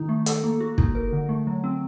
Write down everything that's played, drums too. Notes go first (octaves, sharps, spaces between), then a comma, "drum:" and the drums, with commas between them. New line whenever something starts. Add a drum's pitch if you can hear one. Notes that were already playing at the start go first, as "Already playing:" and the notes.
Already playing: D#3 D#4
A3
A4, drum: hi-hat
A#3
F#4
D#4, drum: kick
A#4
D3
A3
F#3
C4